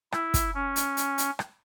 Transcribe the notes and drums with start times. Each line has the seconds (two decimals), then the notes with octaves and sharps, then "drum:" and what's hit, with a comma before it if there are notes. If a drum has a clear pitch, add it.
0.12 E4, drum: rim click
0.34 drum: kick, hi-hat
0.55 C#4
0.76 drum: hi-hat
0.97 drum: hi-hat
1.18 drum: hi-hat
1.39 drum: rim click